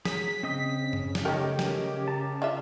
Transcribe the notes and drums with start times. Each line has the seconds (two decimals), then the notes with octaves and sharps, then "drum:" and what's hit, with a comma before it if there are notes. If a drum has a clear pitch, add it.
0.05 F#3 G#4 B6, drum: snare
0.43 C#3 C4 D#5 D#6
0.93 drum: tom F#2
1.15 drum: snare
1.25 D#3 A3 G4 A#4 C#5 D#5
1.59 drum: snare
2.08 A5 A#5
2.42 D4 F4 E5